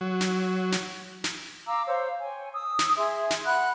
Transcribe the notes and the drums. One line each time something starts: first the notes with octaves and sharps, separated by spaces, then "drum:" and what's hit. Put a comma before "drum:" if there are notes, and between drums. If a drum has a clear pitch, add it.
F#3
drum: snare
drum: snare
drum: snare
F5 A#5 D6 E6
C5 C#5 F5 E6
C#5 G5 G#5
D#6 E6
drum: snare
G#4 E5 C6
drum: snare
F#5 B5 F#6